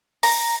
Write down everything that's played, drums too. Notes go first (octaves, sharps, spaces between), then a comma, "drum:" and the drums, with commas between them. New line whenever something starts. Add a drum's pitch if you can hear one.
A#5, drum: open hi-hat